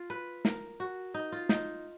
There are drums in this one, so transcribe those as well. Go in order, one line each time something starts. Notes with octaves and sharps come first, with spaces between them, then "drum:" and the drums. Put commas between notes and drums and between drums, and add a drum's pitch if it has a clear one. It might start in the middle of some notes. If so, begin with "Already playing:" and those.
Already playing: F4
B4
A#4, drum: snare
F#4
D#4
F4
D#4, drum: snare